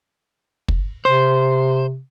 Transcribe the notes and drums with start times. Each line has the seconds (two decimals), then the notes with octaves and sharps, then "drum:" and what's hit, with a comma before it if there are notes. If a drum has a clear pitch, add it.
0.68 drum: kick
1.05 C3 C5